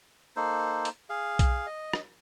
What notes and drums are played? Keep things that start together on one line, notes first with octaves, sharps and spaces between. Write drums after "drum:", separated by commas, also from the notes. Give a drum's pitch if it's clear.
A#3 D#4 A4 C5
drum: hi-hat
G#4 F5
drum: kick B1, hi-hat
D#5
drum: rim click